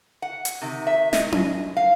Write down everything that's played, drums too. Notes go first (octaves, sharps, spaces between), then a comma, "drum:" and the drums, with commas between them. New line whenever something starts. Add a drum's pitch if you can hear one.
F#5
drum: hi-hat
C3 D#3
E5
D#5, drum: snare
drum: tom C#4
F5